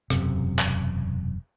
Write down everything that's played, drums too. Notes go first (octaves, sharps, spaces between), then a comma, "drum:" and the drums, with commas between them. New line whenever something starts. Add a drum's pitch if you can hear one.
E1 F#2 C3, drum: rim click
drum: clap